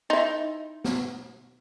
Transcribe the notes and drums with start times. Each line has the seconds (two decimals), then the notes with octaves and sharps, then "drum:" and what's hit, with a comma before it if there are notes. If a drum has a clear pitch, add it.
0.10 D#4 E4
0.84 drum: snare